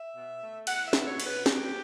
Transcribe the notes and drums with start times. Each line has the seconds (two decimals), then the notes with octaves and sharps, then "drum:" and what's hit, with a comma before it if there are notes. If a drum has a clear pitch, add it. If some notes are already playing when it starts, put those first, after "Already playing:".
Already playing: E5
0.15 B2
0.41 A3
0.67 E2 F#5, drum: cymbal
0.87 E5
0.93 B2, drum: snare
1.00 B4
1.06 C#5
1.20 B2, drum: cymbal
1.26 B4
1.46 F#3 G4, drum: snare